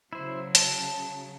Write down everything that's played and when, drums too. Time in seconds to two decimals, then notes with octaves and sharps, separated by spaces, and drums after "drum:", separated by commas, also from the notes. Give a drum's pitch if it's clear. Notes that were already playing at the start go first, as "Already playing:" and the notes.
0.13 C#3 F#3 E4 C5
0.55 A5, drum: hi-hat